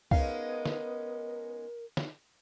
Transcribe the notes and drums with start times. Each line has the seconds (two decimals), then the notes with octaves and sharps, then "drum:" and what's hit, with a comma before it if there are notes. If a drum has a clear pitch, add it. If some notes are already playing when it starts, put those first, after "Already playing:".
0.11 G#3 B3 C#4 D#4 A#4 F5, drum: kick
0.66 drum: snare
1.97 drum: snare